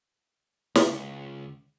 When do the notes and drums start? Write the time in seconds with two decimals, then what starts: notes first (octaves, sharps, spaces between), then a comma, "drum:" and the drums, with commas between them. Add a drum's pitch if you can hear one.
0.75 C#2, drum: snare